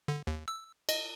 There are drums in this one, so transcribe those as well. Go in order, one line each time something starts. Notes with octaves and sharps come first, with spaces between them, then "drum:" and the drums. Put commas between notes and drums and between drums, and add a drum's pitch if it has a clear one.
D3
D#2
E6
D#5, drum: cymbal